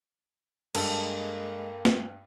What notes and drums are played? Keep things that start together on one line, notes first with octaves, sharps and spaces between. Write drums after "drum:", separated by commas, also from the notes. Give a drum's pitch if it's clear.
G2 G#3 A#3 A4 A5, drum: cymbal
drum: snare